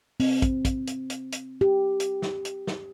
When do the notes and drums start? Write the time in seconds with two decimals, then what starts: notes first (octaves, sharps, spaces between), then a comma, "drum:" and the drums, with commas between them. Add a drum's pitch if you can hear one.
0.20 C4, drum: open hi-hat
0.42 drum: kick, hi-hat
0.65 drum: kick, hi-hat
0.87 drum: hi-hat
1.10 drum: hi-hat
1.32 drum: hi-hat
1.61 G4
2.00 drum: hi-hat
2.22 drum: snare
2.45 drum: hi-hat
2.67 drum: snare